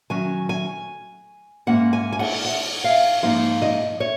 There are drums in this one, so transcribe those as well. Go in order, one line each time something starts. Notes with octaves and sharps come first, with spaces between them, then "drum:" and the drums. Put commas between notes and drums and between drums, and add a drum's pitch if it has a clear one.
D#3 F#3 C#4 G#5
G#5
G#2 F3 A#3 C#4 F#5
G#5
G#5
F#5, drum: cymbal
F#5
F5
G#2 F3 A#3 D#4 F5
D#5, drum: tom G#2
C#5